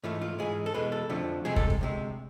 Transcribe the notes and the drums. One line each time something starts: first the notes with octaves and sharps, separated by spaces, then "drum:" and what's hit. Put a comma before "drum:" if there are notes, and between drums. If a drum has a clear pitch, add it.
G#2 E3 A3 F4
F4
G#2 E3 G#3 G#4
A4
E2 B2 G#3 B4
A4
F2 D3 F3 A3
C2 C3 G#3 G#4
A4, drum: kick
drum: kick
D2 C3 G#3